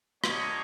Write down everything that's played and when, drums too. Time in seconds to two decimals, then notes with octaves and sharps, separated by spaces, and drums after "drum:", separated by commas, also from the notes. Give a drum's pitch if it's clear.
0.24 A#3 D4 G4 C#5 D#5, drum: rim click